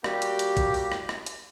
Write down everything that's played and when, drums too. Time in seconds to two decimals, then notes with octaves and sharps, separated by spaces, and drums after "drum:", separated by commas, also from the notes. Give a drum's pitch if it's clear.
0.04 G3 A#3 F#4 G4, drum: rim click
0.22 drum: hi-hat
0.39 drum: hi-hat
0.57 drum: kick, hi-hat
0.74 drum: open hi-hat
0.92 drum: rim click
1.09 drum: rim click
1.26 drum: hi-hat